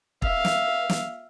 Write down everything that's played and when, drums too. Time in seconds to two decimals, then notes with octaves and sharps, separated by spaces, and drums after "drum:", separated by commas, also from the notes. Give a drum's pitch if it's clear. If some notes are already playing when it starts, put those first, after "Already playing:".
0.22 E5 F5, drum: kick
0.45 drum: snare
0.89 drum: snare